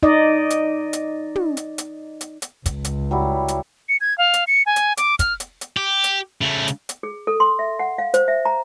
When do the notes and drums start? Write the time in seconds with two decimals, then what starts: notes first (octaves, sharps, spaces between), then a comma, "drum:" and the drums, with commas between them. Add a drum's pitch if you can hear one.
0.03 D#4 D5 D#5
0.50 drum: hi-hat
0.93 drum: hi-hat
1.36 drum: tom
1.57 drum: hi-hat
1.78 drum: hi-hat
2.21 drum: hi-hat
2.42 drum: hi-hat
2.66 C#2, drum: kick, hi-hat
2.84 drum: hi-hat
3.11 F#3 G3 E4
3.48 drum: hi-hat
3.89 C#7
4.01 G#6
4.18 F5
4.33 drum: hi-hat
4.47 C#7
4.66 G#5
4.76 drum: hi-hat
4.97 D6, drum: hi-hat
5.19 F6, drum: kick, hi-hat
5.40 drum: hi-hat
5.61 drum: hi-hat
5.77 G4
6.04 drum: hi-hat
6.41 C#3 A3
6.68 drum: hi-hat
6.89 drum: hi-hat
7.03 G#4
7.27 A4
7.40 C6
7.59 E5
7.79 F#5
7.98 F5
8.14 C5, drum: hi-hat
8.28 E5
8.45 A#5